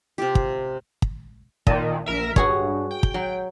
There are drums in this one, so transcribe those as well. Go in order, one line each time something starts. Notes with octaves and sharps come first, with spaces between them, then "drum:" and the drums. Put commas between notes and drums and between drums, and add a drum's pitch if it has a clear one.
C3 F4 G4
drum: kick
drum: kick
A#2 D#3 D#5 A5, drum: kick
A#1 A#4 E5
G2 F#4 G#4 C#5, drum: kick
G5
drum: kick
F#3